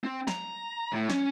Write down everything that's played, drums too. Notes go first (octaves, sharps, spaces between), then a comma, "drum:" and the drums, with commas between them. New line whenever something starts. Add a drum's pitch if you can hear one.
C4
A#5, drum: snare
A2
C#4, drum: snare